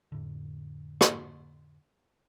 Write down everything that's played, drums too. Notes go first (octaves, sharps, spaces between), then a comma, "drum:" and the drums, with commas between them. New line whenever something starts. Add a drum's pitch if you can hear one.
F2 A2 D3
drum: rim click